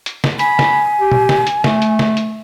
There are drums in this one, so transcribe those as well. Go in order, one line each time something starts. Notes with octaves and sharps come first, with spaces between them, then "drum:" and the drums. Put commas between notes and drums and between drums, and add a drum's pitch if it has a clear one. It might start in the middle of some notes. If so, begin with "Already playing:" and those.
drum: hi-hat
drum: snare
G#5 B5, drum: hi-hat
drum: snare
G4
drum: tom A#2
drum: snare
drum: hi-hat
A3, drum: snare
drum: hi-hat
drum: snare
drum: hi-hat